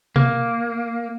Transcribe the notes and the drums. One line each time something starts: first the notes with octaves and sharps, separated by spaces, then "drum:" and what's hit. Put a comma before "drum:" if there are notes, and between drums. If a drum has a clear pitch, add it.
A#3, drum: tom B2